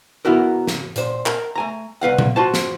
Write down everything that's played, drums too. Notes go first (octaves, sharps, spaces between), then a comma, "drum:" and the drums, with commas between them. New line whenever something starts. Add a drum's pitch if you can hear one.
C#3 B3 E4 F#4 A#4
drum: snare
A#2 C5, drum: hi-hat
A#4, drum: clap
A3 G#5 A#5
C2 B4 F5 F#5
drum: tom A#2
F4 F#4 C5 A5
drum: snare